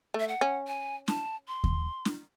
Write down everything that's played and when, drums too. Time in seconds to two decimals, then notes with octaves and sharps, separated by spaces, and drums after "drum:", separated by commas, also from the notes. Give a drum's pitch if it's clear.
0.14 A3
0.20 E5
0.28 F#5
0.41 C#4
0.67 G#5
1.08 A5, drum: snare
1.48 C6
1.64 drum: kick D#2
2.05 drum: snare